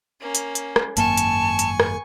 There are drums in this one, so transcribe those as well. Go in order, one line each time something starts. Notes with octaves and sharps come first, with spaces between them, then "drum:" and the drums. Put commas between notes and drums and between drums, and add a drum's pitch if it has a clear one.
A#3 C#4
drum: hi-hat
drum: hi-hat
drum: rim click
G#1 F#2 A#3 G#5 A5 C#6, drum: hi-hat
drum: hi-hat
drum: hi-hat
drum: rim click